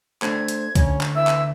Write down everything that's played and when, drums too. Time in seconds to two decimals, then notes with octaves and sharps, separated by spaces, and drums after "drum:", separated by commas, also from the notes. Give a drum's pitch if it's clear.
0.22 A3 D4 C5 G#6, drum: clap
0.48 drum: hi-hat
0.75 D2 C#4, drum: kick C2, hi-hat
1.01 drum: clap
1.16 E3 E5 E6
1.27 drum: clap